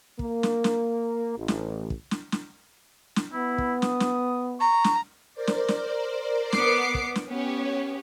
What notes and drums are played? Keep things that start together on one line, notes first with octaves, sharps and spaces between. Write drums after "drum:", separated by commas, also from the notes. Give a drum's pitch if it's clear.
A#3, drum: kick
drum: snare
drum: snare
A1
drum: snare
drum: kick
drum: snare
drum: snare
drum: snare
B3 E4
drum: kick
D#6, drum: snare
drum: snare
A#5 C#6
drum: snare
A#4 C5 D5
drum: snare
drum: snare
B3 D6 C7, drum: snare
drum: kick
drum: snare
B3 C#4 G4 C#5